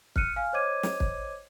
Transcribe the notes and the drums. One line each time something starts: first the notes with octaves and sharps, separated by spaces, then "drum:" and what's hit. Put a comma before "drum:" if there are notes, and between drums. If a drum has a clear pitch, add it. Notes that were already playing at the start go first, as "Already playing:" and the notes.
F6 F#6 C#7 D#7, drum: kick
F5 G#5 F6
C5 C#5 D#5 D6 G#6 D#7
drum: snare
drum: kick